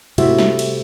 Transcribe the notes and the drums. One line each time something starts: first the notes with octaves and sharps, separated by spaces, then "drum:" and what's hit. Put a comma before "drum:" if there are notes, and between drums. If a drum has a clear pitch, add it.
C3 A3 E4 F#4 G4 E5, drum: cymbal
drum: snare
drum: cymbal